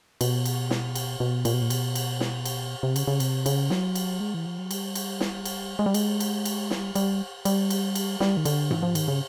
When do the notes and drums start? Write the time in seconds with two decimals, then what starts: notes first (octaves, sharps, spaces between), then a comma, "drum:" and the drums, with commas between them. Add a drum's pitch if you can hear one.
0.21 B2, drum: cymbal
0.45 drum: cymbal
0.70 drum: snare
0.95 drum: cymbal
1.20 B2
1.45 A#2, drum: cymbal
1.54 B2
1.62 A#2
1.70 B2, drum: cymbal
1.95 drum: cymbal
2.20 drum: snare
2.45 drum: cymbal
2.83 C3
2.96 C#3, drum: cymbal
3.07 C#3
3.20 C3, drum: cymbal
3.46 C#3, drum: cymbal
3.70 F#3, drum: snare
3.95 drum: cymbal
4.20 G#3
4.34 E3
4.46 F3
4.59 F#3
4.71 G3, drum: cymbal
4.95 drum: cymbal
5.20 drum: snare
5.45 drum: cymbal
5.79 G#3
5.86 G3
5.94 G#3, drum: cymbal
6.20 drum: cymbal
6.45 drum: cymbal
6.71 G3, drum: snare
6.95 G3, drum: cymbal
7.45 G3, drum: cymbal
7.70 drum: cymbal
7.95 drum: cymbal
8.20 G3, drum: snare
8.37 D#3
8.45 D3, drum: cymbal
8.70 E3, drum: tom G#2
8.83 F3
8.95 D#3, drum: cymbal
9.08 C#3